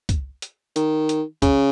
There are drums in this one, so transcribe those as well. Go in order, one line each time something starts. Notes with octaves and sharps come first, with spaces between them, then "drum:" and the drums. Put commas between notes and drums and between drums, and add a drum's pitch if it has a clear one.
drum: kick, hi-hat
drum: hi-hat
D#3, drum: hi-hat
drum: hi-hat
C#3, drum: kick, hi-hat